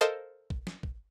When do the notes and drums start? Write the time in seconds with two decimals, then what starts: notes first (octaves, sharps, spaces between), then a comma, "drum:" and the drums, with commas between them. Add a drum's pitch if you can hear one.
0.01 A4 A#4 C5 D#5 F5 A5
0.50 drum: kick
0.67 drum: snare
0.83 drum: kick